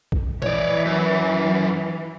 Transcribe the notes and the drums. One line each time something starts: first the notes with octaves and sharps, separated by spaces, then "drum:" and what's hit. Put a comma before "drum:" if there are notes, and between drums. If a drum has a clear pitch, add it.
drum: kick A#1
E3 C#5 D5, drum: tom A#2
F#2